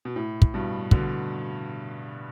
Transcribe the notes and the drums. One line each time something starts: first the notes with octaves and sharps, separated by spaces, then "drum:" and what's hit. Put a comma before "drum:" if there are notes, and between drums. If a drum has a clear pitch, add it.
B2
A2
drum: kick
G2 B2
B2 D3, drum: kick